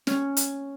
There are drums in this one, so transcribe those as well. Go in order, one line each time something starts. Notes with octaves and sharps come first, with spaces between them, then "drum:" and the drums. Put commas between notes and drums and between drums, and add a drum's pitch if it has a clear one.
C#4, drum: snare
drum: hi-hat